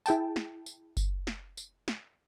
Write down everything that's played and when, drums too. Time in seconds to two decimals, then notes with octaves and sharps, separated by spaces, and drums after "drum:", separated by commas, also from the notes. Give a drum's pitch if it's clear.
0.06 E4 G#4 G5 A5, drum: tambourine
0.36 drum: snare
0.66 drum: tambourine
0.97 drum: kick F#1, tambourine
1.27 drum: snare
1.57 drum: tambourine
1.88 drum: snare